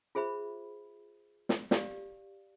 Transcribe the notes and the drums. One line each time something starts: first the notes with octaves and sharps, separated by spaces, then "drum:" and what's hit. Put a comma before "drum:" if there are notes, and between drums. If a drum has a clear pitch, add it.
F4 G#4 C5 E5 B5
drum: snare
G4 D5 F5, drum: snare